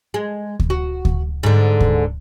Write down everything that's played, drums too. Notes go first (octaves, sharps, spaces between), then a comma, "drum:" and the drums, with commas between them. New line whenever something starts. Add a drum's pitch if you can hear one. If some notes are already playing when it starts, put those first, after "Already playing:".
G#3
drum: kick D2
F#4
drum: kick D2
G#2 D3
drum: kick D2